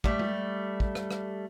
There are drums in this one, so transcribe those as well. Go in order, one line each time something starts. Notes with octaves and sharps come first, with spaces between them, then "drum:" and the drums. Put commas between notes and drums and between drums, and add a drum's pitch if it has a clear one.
G3 A3, drum: kick
drum: tom G#3
drum: kick
drum: rim click
drum: rim click